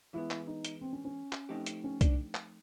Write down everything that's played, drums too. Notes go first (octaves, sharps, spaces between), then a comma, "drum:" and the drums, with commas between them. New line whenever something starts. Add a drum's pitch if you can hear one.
E3 G#3 B3 E4
drum: clap
D#4
drum: hi-hat
C4
C#4
C#4
drum: clap
F3 A3 C4 D#4 G4
drum: hi-hat
C#4
D4, drum: kick C2, hi-hat
drum: clap